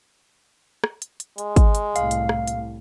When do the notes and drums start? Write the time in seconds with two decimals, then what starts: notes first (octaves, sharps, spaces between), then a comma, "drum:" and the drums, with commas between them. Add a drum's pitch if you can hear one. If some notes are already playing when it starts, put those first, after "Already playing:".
0.84 drum: rim click
1.02 drum: hi-hat
1.20 drum: hi-hat
1.38 G#3, drum: hi-hat
1.56 drum: kick, hi-hat
1.75 drum: hi-hat
1.96 C2 A2 F5, drum: hi-hat
2.11 drum: hi-hat
2.29 drum: rim click
2.47 drum: hi-hat